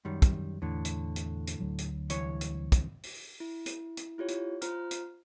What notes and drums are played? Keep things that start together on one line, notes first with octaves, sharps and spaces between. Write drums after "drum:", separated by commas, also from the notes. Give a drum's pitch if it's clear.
F#2 D#3 G3
drum: kick, hi-hat
E2 A2 D3
drum: hi-hat
drum: hi-hat
drum: hi-hat
D2 F#3
drum: hi-hat
C2 E3 C#5, drum: hi-hat
drum: hi-hat
drum: kick, hi-hat
drum: open hi-hat
E4
drum: hi-hat
drum: hi-hat
E4 F4 G4 C#5
drum: hi-hat
F4 C5 A#5 F6, drum: hi-hat
drum: hi-hat